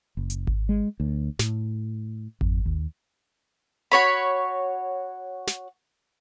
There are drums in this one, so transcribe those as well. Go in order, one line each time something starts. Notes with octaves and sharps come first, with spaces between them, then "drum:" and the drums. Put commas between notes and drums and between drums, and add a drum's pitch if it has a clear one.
F#1
drum: hi-hat
drum: kick G#1
G#3
D2
A2, drum: snare
F2, drum: kick G#1
D#2
F#4 C#5 B5
drum: snare